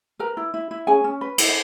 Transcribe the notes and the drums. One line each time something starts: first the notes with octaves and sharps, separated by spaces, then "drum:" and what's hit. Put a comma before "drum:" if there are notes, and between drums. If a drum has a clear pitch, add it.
A#4 B4 A#5
E4
E4
E4
C#4 G#4 G#5
C#4
B4
E4, drum: cymbal
D#5